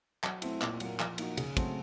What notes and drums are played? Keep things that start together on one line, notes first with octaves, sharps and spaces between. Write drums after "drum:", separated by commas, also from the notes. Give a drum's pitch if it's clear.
F#3, drum: clap
A3 C4 E4, drum: cymbal
A#2, drum: clap
F#3 A#3, drum: cymbal
F3, drum: clap
A#3 D#4 F#4, drum: cymbal
C#3, drum: cymbal
F#3 A3 C4, drum: kick, cymbal